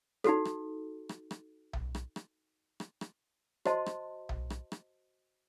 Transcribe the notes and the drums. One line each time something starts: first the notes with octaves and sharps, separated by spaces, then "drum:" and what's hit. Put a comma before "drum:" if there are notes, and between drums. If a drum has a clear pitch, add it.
D#4 F#4 A4, drum: rim click
drum: rim click
drum: rim click
drum: rim click
drum: tom B1
drum: rim click
drum: rim click
drum: rim click
drum: rim click
F#4 C5 D#5 A5 C6, drum: rim click
drum: rim click
drum: tom B1
drum: rim click
drum: rim click